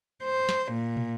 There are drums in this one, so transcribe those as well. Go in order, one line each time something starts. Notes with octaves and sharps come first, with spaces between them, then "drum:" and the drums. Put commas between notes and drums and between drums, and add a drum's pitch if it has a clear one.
C5
drum: snare
A#2
drum: tom